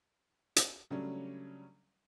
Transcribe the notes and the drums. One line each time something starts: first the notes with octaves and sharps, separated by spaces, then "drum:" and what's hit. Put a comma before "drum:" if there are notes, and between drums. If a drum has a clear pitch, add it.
drum: hi-hat
C#3 F#3 G3 A3 C#4 D4